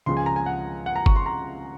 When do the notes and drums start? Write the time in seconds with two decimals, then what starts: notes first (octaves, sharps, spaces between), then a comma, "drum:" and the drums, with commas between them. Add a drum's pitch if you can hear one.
0.06 C#2 C#3 F3 G#3 C6
0.17 G#5
0.26 A#5
0.36 G#5
0.46 F#5
0.86 F#5
0.96 A#5
1.06 C#6, drum: kick G1
1.16 C6
1.26 A#5